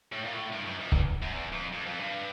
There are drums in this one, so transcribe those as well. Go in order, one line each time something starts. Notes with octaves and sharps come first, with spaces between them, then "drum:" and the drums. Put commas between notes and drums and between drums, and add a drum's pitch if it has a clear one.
A2
A#2
A2
G2
F#2
F2
E2, drum: kick C#1
F#2
E2
F2
F2
F2
G2